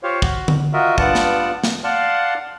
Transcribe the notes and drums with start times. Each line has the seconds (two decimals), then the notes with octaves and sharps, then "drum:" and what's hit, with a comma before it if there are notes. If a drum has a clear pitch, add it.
0.03 F4 G4 C5 C#5 F5
0.22 F#4, drum: kick
0.48 drum: tom D3
0.73 F4 F#4 A#4 D#5 E5
0.98 G2 B3 F4 D5 F#5 A5, drum: kick
1.15 drum: snare
1.64 drum: snare
1.84 D5 F5 F#5 A5 C6